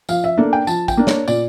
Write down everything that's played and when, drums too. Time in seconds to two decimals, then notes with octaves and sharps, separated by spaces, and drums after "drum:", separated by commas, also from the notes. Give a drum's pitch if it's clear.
0.09 F3 F5, drum: tambourine
0.24 E5
0.38 A#3 D4 A4
0.53 G5
0.67 F3 A5, drum: tambourine
0.88 G5, drum: kick A1, tambourine
0.97 A#3 D4
1.07 C#5, drum: snare
1.28 A#2 D5, drum: tambourine